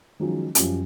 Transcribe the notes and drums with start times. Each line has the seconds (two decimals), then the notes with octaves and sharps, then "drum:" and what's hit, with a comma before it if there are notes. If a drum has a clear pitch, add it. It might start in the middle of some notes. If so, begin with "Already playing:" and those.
0.20 D#3 F3 F#3 G#3 C#4
0.55 F#2 F3 G3 C#4, drum: hi-hat